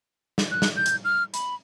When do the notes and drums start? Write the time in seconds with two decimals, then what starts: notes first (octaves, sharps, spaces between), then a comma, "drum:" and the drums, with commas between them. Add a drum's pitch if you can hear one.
0.38 drum: snare
0.51 F#6
0.62 drum: snare
0.76 G6
0.86 drum: hi-hat
1.05 F6
1.34 B5, drum: hi-hat